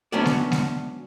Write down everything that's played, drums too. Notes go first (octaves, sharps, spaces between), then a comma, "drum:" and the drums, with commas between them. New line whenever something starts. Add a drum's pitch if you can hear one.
F#3 B3 C#4 D4 F#4 D5
drum: snare G#3
drum: snare G#3